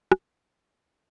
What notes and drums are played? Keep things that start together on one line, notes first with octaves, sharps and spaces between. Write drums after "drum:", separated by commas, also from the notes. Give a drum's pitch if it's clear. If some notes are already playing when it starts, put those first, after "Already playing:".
C3 F#3 G3 A4 B4 G6, drum: rim click